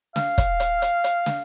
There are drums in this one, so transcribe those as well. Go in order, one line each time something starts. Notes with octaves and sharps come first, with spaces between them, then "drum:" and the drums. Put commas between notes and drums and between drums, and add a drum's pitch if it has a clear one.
F5, drum: snare
drum: kick, hi-hat
drum: hi-hat
drum: hi-hat
drum: hi-hat
drum: snare